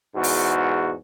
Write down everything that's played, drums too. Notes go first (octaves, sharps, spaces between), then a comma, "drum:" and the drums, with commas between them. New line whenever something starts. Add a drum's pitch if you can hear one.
E2 G#2 F#4
drum: open hi-hat